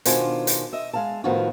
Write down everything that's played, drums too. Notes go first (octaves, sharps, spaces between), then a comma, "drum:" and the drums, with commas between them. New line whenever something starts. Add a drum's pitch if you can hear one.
B2 D#3 D4 F4 C5 G#5, drum: hi-hat
drum: hi-hat
D#5 E5
G#3 F5 A5
A2 D#3 F3 B3 F4 F#4